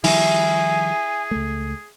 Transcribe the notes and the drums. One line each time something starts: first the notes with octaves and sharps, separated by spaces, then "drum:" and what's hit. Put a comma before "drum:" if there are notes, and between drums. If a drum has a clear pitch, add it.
D#3 F3 G3 E4 G#4 G#5, drum: open hi-hat
C#2 A3